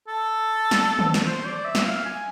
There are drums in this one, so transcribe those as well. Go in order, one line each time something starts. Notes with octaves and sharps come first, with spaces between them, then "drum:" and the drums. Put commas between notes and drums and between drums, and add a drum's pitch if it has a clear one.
A4
drum: snare
drum: tom D#3
drum: snare
C5
D5
E5
drum: snare
F5
G#5